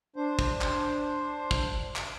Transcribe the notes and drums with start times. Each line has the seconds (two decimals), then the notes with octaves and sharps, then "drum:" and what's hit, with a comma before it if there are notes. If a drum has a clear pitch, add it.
0.16 D4 C5
0.39 drum: kick
0.61 drum: clap
1.51 drum: kick
1.96 drum: clap